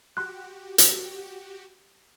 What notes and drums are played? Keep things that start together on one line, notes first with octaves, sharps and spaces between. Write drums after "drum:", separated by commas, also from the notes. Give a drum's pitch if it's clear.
F#4 G4 C6 F#6
drum: hi-hat